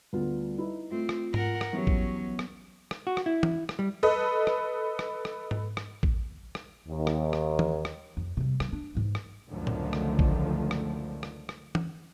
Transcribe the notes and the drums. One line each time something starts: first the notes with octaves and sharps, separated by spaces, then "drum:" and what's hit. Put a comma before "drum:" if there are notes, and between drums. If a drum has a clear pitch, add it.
D2 G3 B3 F4
D#4 E4 B4
A3 C4 F4
drum: rim click
A#4 F#5, drum: tom G#2
drum: rim click
E3 F#3 G3 B3 C#4
drum: kick A1
drum: rim click
drum: rim click
F#4
drum: rim click
E4
drum: tom E3
drum: rim click
G3
A4 B4 D#5
drum: rim click
drum: rim click
drum: rim click
drum: tom G#2
drum: rim click
drum: kick A1
drum: rim click
D#2
drum: rim click
drum: rim click
drum: tom E3
drum: rim click
F2
C3 G3
G3, drum: rim click
D4
G#2 E3
drum: rim click
C#2 F#2 D3 D#3 F3 A3
drum: tom A2
drum: rim click
drum: kick A1
drum: rim click
drum: rim click
drum: rim click
drum: tom E3